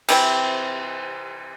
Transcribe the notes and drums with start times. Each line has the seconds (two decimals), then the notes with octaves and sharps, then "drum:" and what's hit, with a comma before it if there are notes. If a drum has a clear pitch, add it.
0.09 C3 E3 C4, drum: cymbal